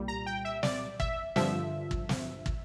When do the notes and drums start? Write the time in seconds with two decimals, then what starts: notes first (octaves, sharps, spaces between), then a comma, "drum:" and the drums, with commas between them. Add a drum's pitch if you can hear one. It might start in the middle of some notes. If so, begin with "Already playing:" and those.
Already playing: C2 A#2 G3
0.08 A#5
0.26 G5
0.45 E5
0.63 D5, drum: snare
1.00 E5, drum: kick
1.36 G2 D3 F3 E5, drum: snare
1.91 drum: kick
2.09 drum: snare
2.46 drum: kick